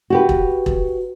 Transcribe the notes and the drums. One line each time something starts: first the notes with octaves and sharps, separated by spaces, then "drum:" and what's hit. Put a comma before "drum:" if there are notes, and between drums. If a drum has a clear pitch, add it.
F#4 G4 B4
drum: kick E1
drum: kick E1